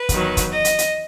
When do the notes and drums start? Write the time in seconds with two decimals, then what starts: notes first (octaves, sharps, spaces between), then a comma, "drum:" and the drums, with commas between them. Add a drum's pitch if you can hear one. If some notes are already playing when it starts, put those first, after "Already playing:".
Already playing: B4
0.09 E2 D#3 F#3, drum: kick, hi-hat
0.37 drum: kick, hi-hat
0.51 D#5
0.65 drum: hi-hat
0.78 drum: hi-hat